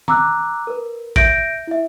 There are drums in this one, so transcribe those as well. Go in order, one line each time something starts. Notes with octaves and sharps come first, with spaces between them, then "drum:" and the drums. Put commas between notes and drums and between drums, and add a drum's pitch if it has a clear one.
A#5 D6 E6 F#6, drum: tom
A#4 B4
E5 G6 A#6 D7, drum: kick
E4 E5